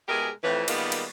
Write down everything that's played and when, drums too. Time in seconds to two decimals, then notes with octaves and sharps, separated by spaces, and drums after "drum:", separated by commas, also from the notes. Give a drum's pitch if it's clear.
0.08 B2 G#3 E4 G4 G#4 A#4
0.43 F2 A2 E3
0.68 D#3 G3 G#3 A#3 B3 F4, drum: cymbal
0.92 drum: cymbal